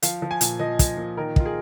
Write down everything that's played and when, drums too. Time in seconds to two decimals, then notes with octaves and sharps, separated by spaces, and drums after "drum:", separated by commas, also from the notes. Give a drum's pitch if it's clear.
0.03 F3 F5, drum: hi-hat
0.22 F3
0.31 G#5
0.41 A#2, drum: hi-hat
0.59 F3 D#5
0.79 F3, drum: kick, hi-hat
0.97 A#2
1.17 D#3 A#4
1.36 D#3 F4, drum: kick
1.46 G#4